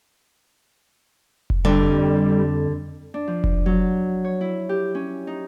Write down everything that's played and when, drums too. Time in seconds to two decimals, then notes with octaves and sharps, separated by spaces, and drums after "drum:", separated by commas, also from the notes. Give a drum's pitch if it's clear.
1.50 drum: kick F1
1.65 F2 D3 G3
3.14 D4
3.28 F3
3.44 drum: kick F1
3.66 F#3
4.24 C#5
4.41 E4
4.69 G4
4.95 C#4
5.27 D#4